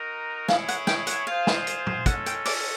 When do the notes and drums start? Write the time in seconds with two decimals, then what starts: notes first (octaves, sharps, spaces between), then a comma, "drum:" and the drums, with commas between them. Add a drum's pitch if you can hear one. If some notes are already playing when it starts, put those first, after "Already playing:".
Already playing: D#4 F#4 A#4
0.48 E4 G#4 C#5 F5, drum: snare
0.68 F#5, drum: hi-hat
0.87 G5, drum: snare
1.07 F#5, drum: hi-hat
1.27 F4 G#4 C5 F5
1.47 drum: snare
1.67 drum: hi-hat
1.87 drum: tom
2.06 G#3 C#4 F4 A4 F#5, drum: kick, hi-hat
2.26 G5, drum: hi-hat
2.46 D5, drum: open hi-hat